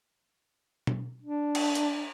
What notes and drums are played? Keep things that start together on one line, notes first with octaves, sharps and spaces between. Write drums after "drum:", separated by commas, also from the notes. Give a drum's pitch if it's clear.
drum: tom B2
D4
drum: cymbal
drum: hi-hat